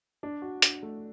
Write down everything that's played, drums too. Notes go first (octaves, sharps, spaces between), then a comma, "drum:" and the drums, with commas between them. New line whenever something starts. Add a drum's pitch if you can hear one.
D4
F#4
D4, drum: hi-hat
A3